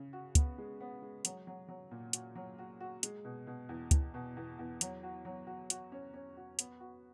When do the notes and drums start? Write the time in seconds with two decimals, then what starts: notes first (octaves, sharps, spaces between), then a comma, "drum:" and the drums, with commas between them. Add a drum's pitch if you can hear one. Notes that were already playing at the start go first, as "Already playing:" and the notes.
Already playing: C#3
0.13 F#4
0.35 B3, drum: kick, hi-hat
0.58 G#3
0.80 B3
1.02 G#3
1.25 F#3, drum: hi-hat
1.47 F#3
1.68 F#3
1.91 A#2
2.13 F#4, drum: hi-hat
2.35 F#3
2.59 F#4
2.80 F#4
3.03 G#3, drum: hi-hat
3.25 B2
3.47 B2
3.69 E2
3.91 E2, drum: kick, hi-hat
4.14 B2
4.37 E2
4.59 E2
4.81 F#3, drum: hi-hat
5.03 F#4
5.25 F#3
5.47 F#4
5.70 F#4, drum: hi-hat
5.92 C#4
6.14 C#4
6.37 F#4
6.59 B3, drum: hi-hat
6.80 F#4